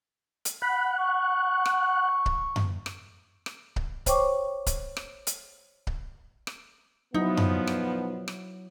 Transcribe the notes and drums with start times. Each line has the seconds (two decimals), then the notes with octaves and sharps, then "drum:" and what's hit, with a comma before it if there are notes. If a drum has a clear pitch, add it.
0.45 drum: hi-hat
0.62 F#5 B5
0.99 C#6
1.65 drum: rim click
2.26 drum: kick C#1
2.56 drum: tom F#2
2.86 drum: rim click
3.46 drum: rim click
3.76 drum: kick C#1
4.06 C5 C#5 G5 C#6 D6, drum: kick C#1, hi-hat
4.66 drum: kick C#1, hi-hat
4.97 drum: rim click
5.27 drum: hi-hat
5.87 drum: kick C#1
6.47 drum: rim click
7.14 B2 F3 F#3 B3 D#4 E4
7.37 drum: tom F#2
7.67 drum: rim click
8.28 drum: rim click